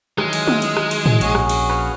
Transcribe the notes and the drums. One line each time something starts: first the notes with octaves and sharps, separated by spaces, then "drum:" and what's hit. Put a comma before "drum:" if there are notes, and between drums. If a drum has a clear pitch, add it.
D#3 E3 F#3 G#3 F6, drum: rim click
drum: cymbal
drum: tom
drum: cymbal
drum: rim click
drum: cymbal
drum: tom
A#1 C#4 F#4 G#4, drum: cymbal
drum: rim click
drum: cymbal
B4 C#5 F5